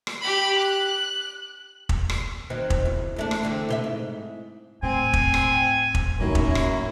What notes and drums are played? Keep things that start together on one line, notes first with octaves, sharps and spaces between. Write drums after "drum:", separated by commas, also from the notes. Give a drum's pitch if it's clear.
drum: rim click
G4 B5
F#6
drum: kick
drum: rim click
D#3 F#3 C4
drum: kick
E2
E2 A3 D4
drum: rim click
E2 D3 C4
C3 C5 E5
G#2
A2 C4 G#5
drum: kick
drum: rim click
drum: kick
D1 F#2 A2 D#3 A#3 C#4 E4
drum: kick
drum: rim click